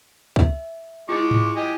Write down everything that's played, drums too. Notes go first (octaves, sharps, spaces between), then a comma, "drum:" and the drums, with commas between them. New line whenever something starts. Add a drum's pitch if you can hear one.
E5, drum: kick
G#3 E4 F4 C#6 D6
drum: tom G#2
G4 D#5 G#5